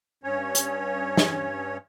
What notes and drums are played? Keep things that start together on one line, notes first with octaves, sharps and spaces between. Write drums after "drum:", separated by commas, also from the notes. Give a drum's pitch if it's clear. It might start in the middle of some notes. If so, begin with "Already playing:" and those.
G2 C#4 C#5
drum: hi-hat
drum: snare